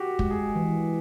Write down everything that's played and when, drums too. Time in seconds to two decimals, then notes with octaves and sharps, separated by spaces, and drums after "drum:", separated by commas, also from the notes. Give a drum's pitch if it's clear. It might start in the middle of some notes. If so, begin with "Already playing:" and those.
Already playing: F#4 G4
0.19 G#3, drum: kick
0.31 G#4
0.55 E3